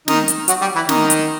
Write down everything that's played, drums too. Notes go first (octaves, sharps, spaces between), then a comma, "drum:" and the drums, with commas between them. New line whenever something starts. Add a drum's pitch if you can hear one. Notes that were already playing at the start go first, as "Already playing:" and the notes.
D#3 D#4, drum: snare
drum: hi-hat
F#3 F#4, drum: hi-hat
G3 G4
E3 E4
D#3 D#4, drum: snare
drum: hi-hat